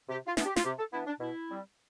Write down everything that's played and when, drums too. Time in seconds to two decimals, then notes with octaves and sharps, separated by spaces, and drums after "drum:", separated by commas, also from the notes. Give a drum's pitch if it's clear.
0.09 C3 G4
0.27 F4
0.37 E3 B3 D4, drum: snare
0.46 G4
0.56 F4, drum: snare
0.64 C3 G4
0.79 A4
0.93 E3 B3 D4 E4
1.07 D4
1.20 B2 E4
1.49 G3 C4